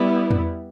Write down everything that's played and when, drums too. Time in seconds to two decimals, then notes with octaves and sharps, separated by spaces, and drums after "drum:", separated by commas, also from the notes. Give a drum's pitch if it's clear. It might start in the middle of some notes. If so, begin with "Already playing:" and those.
Already playing: G3 B3 E4
0.31 drum: tom E2